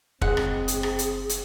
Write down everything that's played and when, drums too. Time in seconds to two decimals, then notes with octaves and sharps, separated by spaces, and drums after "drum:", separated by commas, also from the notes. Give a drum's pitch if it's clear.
0.22 F#1 G#3 C4 G#4 F#5, drum: kick
0.37 drum: rim click
0.68 drum: hi-hat
0.83 drum: rim click
0.99 drum: hi-hat
1.29 drum: hi-hat